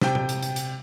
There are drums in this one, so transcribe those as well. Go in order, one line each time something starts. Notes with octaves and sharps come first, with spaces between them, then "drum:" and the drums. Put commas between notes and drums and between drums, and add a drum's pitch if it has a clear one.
C3 G5, drum: snare
drum: tom A#2
drum: hi-hat
drum: hi-hat
drum: hi-hat